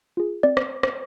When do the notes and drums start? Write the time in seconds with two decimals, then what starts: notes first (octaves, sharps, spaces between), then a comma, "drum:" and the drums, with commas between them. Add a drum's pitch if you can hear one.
0.17 F4 G#4
0.43 C4 D5
0.57 drum: rim click
0.83 drum: rim click